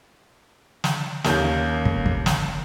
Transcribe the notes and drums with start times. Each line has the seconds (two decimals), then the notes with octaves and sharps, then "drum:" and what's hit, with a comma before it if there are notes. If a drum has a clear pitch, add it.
0.84 drum: snare
1.24 D#2 A#3 C#4 G6, drum: snare
1.85 drum: kick
2.06 drum: kick
2.26 drum: snare